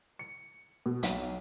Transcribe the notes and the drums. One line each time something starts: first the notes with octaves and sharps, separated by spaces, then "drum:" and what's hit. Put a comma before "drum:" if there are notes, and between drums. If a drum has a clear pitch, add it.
C#7
B2
B1, drum: hi-hat